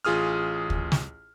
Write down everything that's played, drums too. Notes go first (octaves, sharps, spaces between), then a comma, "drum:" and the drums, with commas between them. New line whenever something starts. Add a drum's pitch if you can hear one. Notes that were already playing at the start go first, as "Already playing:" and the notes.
A1 F4 G#4 D#6 F6
drum: kick
drum: snare